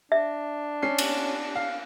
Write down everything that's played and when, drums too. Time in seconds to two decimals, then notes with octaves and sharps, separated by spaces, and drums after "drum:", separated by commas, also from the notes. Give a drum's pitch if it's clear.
0.12 D4 E5
0.82 C#4 C7
0.98 drum: cymbal
1.55 F5